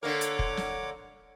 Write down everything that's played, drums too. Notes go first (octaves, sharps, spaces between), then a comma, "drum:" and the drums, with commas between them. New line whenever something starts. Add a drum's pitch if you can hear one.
D3 A#3 A#4 C#5 D6
drum: hi-hat
drum: kick F1
drum: snare